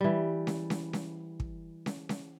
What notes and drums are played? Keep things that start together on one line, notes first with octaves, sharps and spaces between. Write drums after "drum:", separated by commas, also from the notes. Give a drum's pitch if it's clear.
E3 G3
drum: snare C#4
drum: snare C#4
drum: snare C#4
drum: kick
drum: snare C#4
drum: snare C#4